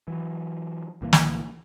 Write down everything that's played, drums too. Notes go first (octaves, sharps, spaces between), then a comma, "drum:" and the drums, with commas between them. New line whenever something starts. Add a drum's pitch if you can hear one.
E3 F#3
C2 A#2 E3 A#3
drum: snare